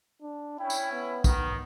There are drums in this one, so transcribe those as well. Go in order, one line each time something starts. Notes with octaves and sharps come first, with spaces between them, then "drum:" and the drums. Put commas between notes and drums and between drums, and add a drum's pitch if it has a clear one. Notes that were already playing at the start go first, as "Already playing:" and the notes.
D4
C#4 E4 G5
drum: tambourine
B3
D#3, drum: kick B1, tambourine